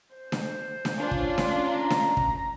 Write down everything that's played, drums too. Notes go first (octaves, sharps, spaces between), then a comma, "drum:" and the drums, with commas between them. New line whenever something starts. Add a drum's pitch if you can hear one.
C5
drum: snare D4
drum: snare D4
C#4 D4 F4
drum: kick
drum: snare D4
A#5
drum: snare D4
drum: kick